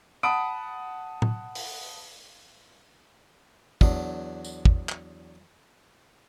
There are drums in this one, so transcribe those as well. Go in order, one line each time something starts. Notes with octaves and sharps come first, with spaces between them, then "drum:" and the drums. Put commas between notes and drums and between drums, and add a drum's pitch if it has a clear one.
F#5 A5 B5 D#6 D7
drum: tom A2
drum: open hi-hat
E2 F#3 D4, drum: kick
drum: tambourine
drum: kick
drum: clap